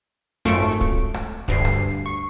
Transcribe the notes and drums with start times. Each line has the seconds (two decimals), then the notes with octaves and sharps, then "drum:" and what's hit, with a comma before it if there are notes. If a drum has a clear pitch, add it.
0.45 G#1 F#2 A3 F4 C#6 D7
0.81 drum: kick
1.14 drum: rim click
1.48 D2 G2 C7, drum: kick
1.65 drum: rim click
2.06 C#6